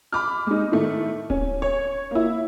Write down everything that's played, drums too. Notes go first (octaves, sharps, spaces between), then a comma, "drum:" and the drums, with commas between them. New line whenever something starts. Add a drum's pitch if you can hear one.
B5 D6 F6
G#3 D#4
A2 D#3 A3
C#4, drum: kick D1
C#5
A#3 E4